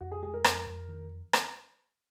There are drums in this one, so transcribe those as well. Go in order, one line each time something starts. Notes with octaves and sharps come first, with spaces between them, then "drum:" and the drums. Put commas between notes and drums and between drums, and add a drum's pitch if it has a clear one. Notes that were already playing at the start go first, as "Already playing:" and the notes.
F2 F#4
G#4
G#3 G#4
A#4
F2, drum: rim click
F2
D#3
drum: rim click